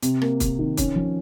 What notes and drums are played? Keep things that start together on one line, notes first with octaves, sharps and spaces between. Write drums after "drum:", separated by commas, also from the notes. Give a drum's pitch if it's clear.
C3, drum: hi-hat
A#3, drum: rim click
C3, drum: kick, hi-hat
D#3
C#4, drum: kick, hi-hat
F3